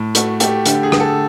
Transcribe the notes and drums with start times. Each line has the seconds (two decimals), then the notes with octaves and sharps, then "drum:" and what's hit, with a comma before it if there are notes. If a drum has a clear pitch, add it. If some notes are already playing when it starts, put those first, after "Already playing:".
Already playing: A2
0.15 A3 F#4, drum: hi-hat
0.40 A3 G4, drum: hi-hat
0.66 D3 G4, drum: hi-hat
0.83 G#4
0.92 D3, drum: rim click
1.00 A4